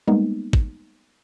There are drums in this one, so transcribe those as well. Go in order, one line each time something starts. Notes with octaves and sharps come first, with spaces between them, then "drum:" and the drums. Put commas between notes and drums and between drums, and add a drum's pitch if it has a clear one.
G3 G#3 A#3 B3 D#4
drum: kick